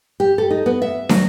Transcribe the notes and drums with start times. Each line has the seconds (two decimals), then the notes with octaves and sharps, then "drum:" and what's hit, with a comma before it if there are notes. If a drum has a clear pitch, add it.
0.20 G4
0.38 A4
0.50 D#4
0.66 B3
0.82 E5
1.09 F#3, drum: snare